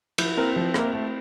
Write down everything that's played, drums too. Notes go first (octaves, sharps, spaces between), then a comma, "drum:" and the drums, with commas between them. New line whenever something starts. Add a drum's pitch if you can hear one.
F3 E4, drum: cymbal
A#3 C4 E4 A#4
F3
A#3 E4 A#4, drum: rim click
A3